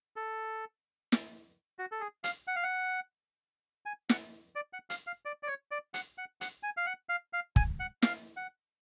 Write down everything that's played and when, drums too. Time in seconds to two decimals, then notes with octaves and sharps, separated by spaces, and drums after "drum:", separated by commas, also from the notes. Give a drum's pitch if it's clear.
0.16 A4
1.12 drum: snare
1.79 F#4
1.92 A4
2.01 G#4
2.24 F5, drum: hi-hat
2.47 F#5
2.56 F5
2.63 F#5
3.86 G#5
4.09 F#5, drum: snare
4.55 D5
4.73 F#5
4.90 F5, drum: hi-hat
5.07 F5
5.25 D5
5.43 D5
5.47 C#5
5.71 D5
5.94 F#5, drum: hi-hat
6.18 F#5
6.41 F#5, drum: hi-hat
6.63 G#5
6.77 F5
6.86 F#5
7.09 F5
7.33 F5
7.56 G#5, drum: kick
7.80 F#5
8.02 F5, drum: snare
8.37 F#5